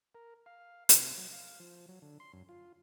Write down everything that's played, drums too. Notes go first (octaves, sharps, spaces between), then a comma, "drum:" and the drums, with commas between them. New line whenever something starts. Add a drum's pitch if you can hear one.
A#4
F5
C3, drum: hi-hat
F#3
F5
F3
F#3
D3
C6
F#2
F4